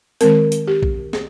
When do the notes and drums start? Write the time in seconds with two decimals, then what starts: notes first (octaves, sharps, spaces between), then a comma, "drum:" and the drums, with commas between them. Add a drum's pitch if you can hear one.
0.21 D#3 G#3 C4 A#4, drum: hi-hat
0.52 drum: hi-hat
0.67 G4
0.83 drum: kick B1
1.13 G#4, drum: snare